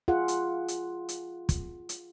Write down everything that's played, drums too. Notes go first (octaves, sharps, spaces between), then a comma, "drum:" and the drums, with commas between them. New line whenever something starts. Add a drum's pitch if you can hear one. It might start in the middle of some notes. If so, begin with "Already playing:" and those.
F4 G#4 F#5
drum: hi-hat
drum: hi-hat
drum: hi-hat
drum: kick, hi-hat
drum: hi-hat